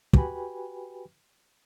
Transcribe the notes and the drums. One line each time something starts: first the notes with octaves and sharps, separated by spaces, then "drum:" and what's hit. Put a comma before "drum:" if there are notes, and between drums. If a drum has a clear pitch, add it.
F#4 G4 B4 G5 G#5 B5, drum: kick